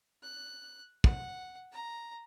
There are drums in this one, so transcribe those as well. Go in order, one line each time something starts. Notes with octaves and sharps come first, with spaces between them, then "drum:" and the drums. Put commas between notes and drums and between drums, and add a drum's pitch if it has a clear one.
F#6
F#5, drum: kick
A#5